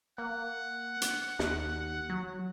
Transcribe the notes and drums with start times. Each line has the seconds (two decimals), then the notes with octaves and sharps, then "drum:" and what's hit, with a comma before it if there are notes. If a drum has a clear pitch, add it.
0.18 A#3 F#5
1.02 drum: hi-hat
1.39 D#2, drum: snare
2.10 F#3